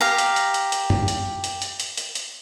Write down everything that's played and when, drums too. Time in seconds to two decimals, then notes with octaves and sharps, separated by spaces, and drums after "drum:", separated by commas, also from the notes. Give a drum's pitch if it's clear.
0.01 G4 F5 A#5
0.18 drum: hi-hat
0.36 drum: hi-hat
0.54 drum: hi-hat
0.72 drum: hi-hat
0.90 drum: tom F#2
1.08 drum: hi-hat
1.44 drum: hi-hat
1.62 drum: hi-hat
1.80 drum: hi-hat
1.97 drum: hi-hat
2.15 drum: hi-hat